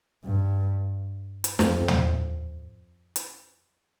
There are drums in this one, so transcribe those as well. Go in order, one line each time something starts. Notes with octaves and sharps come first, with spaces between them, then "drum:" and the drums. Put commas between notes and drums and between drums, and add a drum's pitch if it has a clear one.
G2
drum: hi-hat
F2, drum: snare
drum: tom
drum: hi-hat